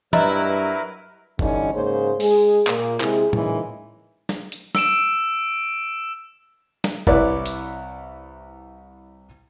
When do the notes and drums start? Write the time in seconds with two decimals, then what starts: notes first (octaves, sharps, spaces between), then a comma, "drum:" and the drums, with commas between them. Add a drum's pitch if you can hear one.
0.13 G2 F#3 E4 A#4 B4 D5 D#5 A#5, drum: tom
1.39 G2 D3 E3 C#4 D#4, drum: kick G1
1.73 G#2 C#3 A#3 C5 C#5
2.20 G#3 G#4, drum: open hi-hat
2.67 A#2 A#3, drum: clap
3.00 C3 G#3 E4 G#4, drum: clap
3.33 A#2 C#3 E3 G#3 D#4, drum: tom
4.29 drum: snare
4.52 drum: hi-hat
4.75 E6 D7 E7, drum: snare
6.84 drum: snare
7.07 C2 E4 B4 C#5 D5 D6, drum: kick G1
7.46 drum: hi-hat